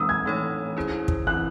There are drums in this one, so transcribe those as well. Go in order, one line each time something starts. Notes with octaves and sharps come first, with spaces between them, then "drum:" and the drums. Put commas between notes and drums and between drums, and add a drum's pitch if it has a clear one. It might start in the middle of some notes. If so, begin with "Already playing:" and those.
Already playing: E3 G#3 C4 D#4 A4 D#6 E6
G#6
E3 A3 D#4 A4 C#5
C#4 E4 G#4 C5
drum: kick
E3 C4 E4 F#6